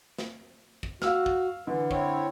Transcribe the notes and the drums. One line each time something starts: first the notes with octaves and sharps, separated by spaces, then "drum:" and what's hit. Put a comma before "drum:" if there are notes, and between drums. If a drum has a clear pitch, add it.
drum: snare
drum: kick
F#4 F5 E6 F6, drum: snare
drum: kick
D3 E3
C4 E4 C#5, drum: kick